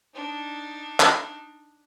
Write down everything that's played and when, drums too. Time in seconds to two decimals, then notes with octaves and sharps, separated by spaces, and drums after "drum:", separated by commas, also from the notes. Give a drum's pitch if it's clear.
0.14 D4 D#4
1.00 drum: clap